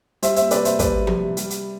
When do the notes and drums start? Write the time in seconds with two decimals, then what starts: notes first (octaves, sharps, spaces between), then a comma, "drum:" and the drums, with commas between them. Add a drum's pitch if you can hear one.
0.22 G3 C5 E5, drum: hi-hat
0.36 C5 E5, drum: hi-hat
0.51 C3 B4 D5, drum: hi-hat
0.65 C5 E5, drum: hi-hat
0.79 G3 B4 D5, drum: kick, hi-hat
1.07 C3, drum: tom F3
1.37 G3, drum: hi-hat
1.50 drum: hi-hat